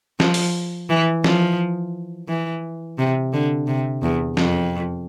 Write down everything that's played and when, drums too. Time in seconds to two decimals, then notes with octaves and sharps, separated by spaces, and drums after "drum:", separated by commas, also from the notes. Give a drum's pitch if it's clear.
0.20 F3, drum: snare
0.34 drum: open hi-hat
0.89 E3
1.24 F3, drum: snare
2.28 E3
2.98 C3
3.33 D3
3.67 C3
4.03 E2
4.37 F2, drum: snare